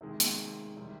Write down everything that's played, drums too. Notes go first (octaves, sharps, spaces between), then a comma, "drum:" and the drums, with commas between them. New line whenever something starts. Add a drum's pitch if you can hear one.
C3 D#3 G#3
drum: hi-hat
C3 D#3 G3